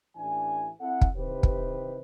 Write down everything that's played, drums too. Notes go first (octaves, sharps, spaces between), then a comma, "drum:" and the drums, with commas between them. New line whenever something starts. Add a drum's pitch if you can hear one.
A1 E3 D4 G#5
C4 E4 A4 F#5
drum: kick
C3 D#3 E3 G4 B4 C5
drum: kick